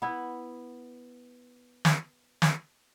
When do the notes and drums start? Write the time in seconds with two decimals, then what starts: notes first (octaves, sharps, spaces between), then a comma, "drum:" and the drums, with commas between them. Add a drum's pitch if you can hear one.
0.02 B3 E4
1.85 drum: snare
2.42 drum: snare